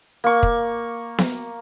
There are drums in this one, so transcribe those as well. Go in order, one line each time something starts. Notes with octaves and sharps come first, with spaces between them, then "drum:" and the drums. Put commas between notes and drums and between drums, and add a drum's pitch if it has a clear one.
A#3 C#6
drum: kick
drum: snare B3